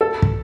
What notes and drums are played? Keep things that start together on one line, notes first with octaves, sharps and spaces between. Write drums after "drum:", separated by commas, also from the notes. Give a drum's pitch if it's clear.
A4
drum: kick